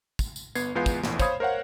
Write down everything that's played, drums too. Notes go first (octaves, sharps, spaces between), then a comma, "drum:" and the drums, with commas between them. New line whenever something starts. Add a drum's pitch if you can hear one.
drum: kick, tambourine
drum: tambourine
G1 B3 G#6 C7, drum: tambourine
E2 G#3 B3 F4 G6 C7
drum: kick, tambourine
A#1 E2 A2, drum: snare
C5 C#5 F5 B5 D#6 G#6, drum: kick, tambourine
A#4 C5 C#5 F5 F#5